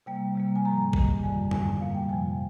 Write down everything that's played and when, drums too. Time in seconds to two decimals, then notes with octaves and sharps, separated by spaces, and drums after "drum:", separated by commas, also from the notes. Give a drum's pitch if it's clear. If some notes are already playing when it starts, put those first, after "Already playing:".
0.06 C3 G3 A#3 G5
0.35 C3 G3 A#3
0.56 G#5
0.65 G#2 F3 A#3 A#5
0.93 G2 D#3 G#3, drum: kick
1.23 F2 D3 G3 G#5
1.51 G2 D3 G#3 G#5, drum: tom G2
1.81 A#2 G3 A#3 F5
1.95 G5
2.09 F2 C3 F3 G#5